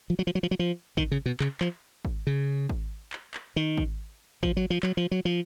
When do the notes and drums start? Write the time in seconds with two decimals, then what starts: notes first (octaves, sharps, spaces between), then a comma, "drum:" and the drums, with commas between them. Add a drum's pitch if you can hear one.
0.10 F3
0.19 F#3
0.27 F3
0.35 F#3
0.43 F3
0.51 F#3
0.59 F3
0.97 D#3, drum: kick G#1
1.12 C#3
1.26 B2
1.40 C#3, drum: clap
1.61 F3, drum: clap
2.05 drum: kick G#1
2.27 C#3
2.69 drum: kick G#1
3.13 drum: clap
3.34 drum: clap
3.56 D#3
3.77 drum: kick G#1
4.43 F3, drum: kick G#1
4.57 F#3
4.70 F3
4.83 F#3, drum: clap
4.97 F3
5.11 F#3
5.25 F3